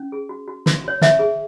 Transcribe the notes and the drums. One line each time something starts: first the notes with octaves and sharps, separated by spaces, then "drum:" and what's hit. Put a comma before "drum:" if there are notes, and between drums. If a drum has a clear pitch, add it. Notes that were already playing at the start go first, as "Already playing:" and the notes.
Already playing: C#4
G#4
F#4
F#4
F#4, drum: snare
F#4 C#5
C#5 E5, drum: snare
G#4